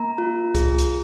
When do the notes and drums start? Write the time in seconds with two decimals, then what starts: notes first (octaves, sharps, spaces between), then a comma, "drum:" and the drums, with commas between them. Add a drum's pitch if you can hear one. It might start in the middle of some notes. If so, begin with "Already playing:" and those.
Already playing: A#3 A#5
0.18 F4
0.55 G#4, drum: kick C2, hi-hat
0.78 drum: hi-hat